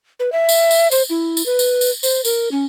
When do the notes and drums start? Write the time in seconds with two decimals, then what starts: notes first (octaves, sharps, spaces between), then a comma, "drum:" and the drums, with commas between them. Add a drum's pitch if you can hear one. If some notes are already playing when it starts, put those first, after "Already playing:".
0.20 B4
0.32 E5
0.49 drum: tambourine
0.71 drum: tambourine
0.91 C5, drum: tambourine
1.10 E4
1.37 drum: tambourine
1.46 B4
1.59 drum: tambourine
1.81 drum: tambourine
2.03 C5, drum: tambourine
2.25 A#4, drum: tambourine
2.51 C#4